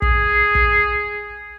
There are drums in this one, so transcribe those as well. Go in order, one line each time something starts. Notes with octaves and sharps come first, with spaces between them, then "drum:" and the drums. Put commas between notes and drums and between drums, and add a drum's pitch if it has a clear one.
G#4, drum: kick
drum: kick